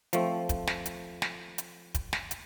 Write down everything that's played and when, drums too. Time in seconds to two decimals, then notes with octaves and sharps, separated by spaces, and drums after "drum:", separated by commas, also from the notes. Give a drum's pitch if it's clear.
0.13 F3 A3 C4, drum: hi-hat
0.49 drum: kick, hi-hat
0.67 drum: snare
0.86 drum: hi-hat
1.22 drum: snare
1.58 drum: hi-hat
1.94 drum: kick, hi-hat
2.13 drum: snare
2.31 drum: hi-hat